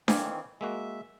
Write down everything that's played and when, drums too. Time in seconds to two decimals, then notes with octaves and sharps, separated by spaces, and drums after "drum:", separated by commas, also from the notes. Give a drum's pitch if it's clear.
0.08 D#3 E3 C4 D5 F5 G#5, drum: snare D4
0.61 G#3 A#3 F#4 E5